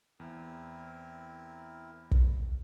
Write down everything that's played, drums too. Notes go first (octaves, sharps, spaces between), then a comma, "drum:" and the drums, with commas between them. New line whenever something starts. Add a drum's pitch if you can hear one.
E2 C4 E4 A#4
drum: kick